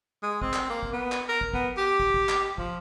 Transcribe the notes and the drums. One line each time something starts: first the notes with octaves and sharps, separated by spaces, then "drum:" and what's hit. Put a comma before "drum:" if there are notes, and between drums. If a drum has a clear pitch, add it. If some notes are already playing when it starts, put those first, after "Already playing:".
G#3
C4, drum: kick
drum: clap
A#3
drum: kick
B3
drum: clap
A#4
drum: kick
B3, drum: kick
G4
drum: kick
drum: kick
drum: clap
F3, drum: kick